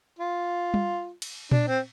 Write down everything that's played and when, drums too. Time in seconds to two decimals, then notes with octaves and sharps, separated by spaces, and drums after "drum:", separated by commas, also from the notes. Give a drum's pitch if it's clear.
0.19 F4
0.74 drum: tom G3
1.22 drum: cymbal
1.51 D4, drum: tom A#2
1.67 C4